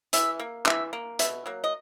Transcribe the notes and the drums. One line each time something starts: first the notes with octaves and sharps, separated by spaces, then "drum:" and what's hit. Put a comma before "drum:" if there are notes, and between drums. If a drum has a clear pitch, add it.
E3 E5, drum: hi-hat
A#3
E3 E5, drum: clap
A#3
B2 E5, drum: hi-hat
F#3 A#3
D#5